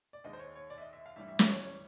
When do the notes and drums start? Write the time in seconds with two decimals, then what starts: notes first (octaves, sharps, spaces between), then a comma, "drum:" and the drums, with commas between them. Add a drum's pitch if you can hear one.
0.13 D5
0.24 D#2 D#3 G#3 D#5
0.33 C5
0.39 C#5
0.55 C#5
0.70 D5
0.78 E5
0.81 D#5
0.93 E5
1.06 F5
1.16 A1 G2 E3 G3 E5
1.28 E5
1.39 D5, drum: snare
1.51 C#5
1.63 C#5